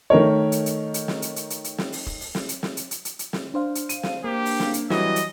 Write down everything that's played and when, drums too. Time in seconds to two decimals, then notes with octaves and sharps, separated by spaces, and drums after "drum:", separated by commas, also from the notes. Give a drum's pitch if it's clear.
0.10 D#3 A3 A#4 C#5
0.52 drum: hi-hat
0.66 drum: hi-hat
0.94 drum: hi-hat
1.08 drum: snare
1.22 drum: hi-hat
1.36 drum: hi-hat
1.50 drum: hi-hat
1.64 drum: hi-hat
1.78 drum: snare
1.92 drum: open hi-hat
2.07 drum: kick E1
2.21 drum: open hi-hat
2.35 drum: snare
2.49 drum: hi-hat
2.63 drum: snare
2.77 drum: hi-hat
2.91 drum: hi-hat
3.05 drum: hi-hat
3.19 drum: hi-hat
3.33 drum: snare
3.54 D4 C5 F5
3.75 drum: hi-hat
3.89 D#7, drum: hi-hat
4.03 drum: snare
4.24 A#3 G4
4.46 drum: open hi-hat
4.60 drum: snare
4.74 drum: hi-hat
4.90 E3 F#3 G3 D#5, drum: snare
5.16 drum: hi-hat